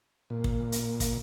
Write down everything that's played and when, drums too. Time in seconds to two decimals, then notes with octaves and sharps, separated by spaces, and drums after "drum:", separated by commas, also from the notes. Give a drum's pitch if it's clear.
0.30 A#2
0.44 drum: kick
0.72 drum: hi-hat
1.00 drum: kick, hi-hat